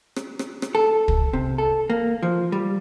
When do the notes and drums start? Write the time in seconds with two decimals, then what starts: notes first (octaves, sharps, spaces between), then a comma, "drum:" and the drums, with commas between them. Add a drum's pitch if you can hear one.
0.16 drum: rim click
0.39 drum: rim click
0.62 drum: rim click
0.75 A4
1.08 drum: kick
1.33 C3
1.58 A4
1.90 A#3
2.23 F3
2.52 G3